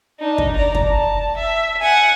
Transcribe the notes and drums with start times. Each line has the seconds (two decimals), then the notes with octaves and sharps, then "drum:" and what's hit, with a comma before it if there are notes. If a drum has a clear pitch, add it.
0.20 D4 D#4
0.38 drum: kick
0.56 D5 A#5
0.75 drum: kick
0.89 A5
1.37 E5
1.81 F#5 G#5